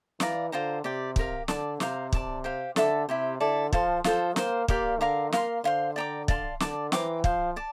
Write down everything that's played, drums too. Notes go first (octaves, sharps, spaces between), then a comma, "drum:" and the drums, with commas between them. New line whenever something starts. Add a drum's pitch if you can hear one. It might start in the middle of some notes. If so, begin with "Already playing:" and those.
E3 D5 F5 A#5, drum: snare
D3 F4 C5 G5 A#5
C3 G4 D5 G5
G4 A#4 F5, drum: kick
D3 D5 A5 D6, drum: snare
C3 C5 F5 A#5 D6, drum: snare
D5 A5 D6, drum: kick
G4 C5 F5
D3 A4 E5 A5 D6, drum: snare
C3 E4 G4 C5
D3 E4 A4 D5
F3 A4 C5 F5 C6, drum: kick
F3 F4 A4 C5, drum: snare
A#3 C5 G5 C6, drum: snare
A#3 G4 D5 F5 C6, drum: kick
D3 A#4 F5 A#5 D6
A#3 A#4 F5 C6, drum: snare
D3 C5 F5 C6
D5 G5 A#5 D6
D5 F5 A5 C6, drum: kick
D3 D5 A5 D6, drum: snare
E3 C5 G5 A#5 D6, drum: snare
F3 C5 F5 C6, drum: kick
D5 A5 D6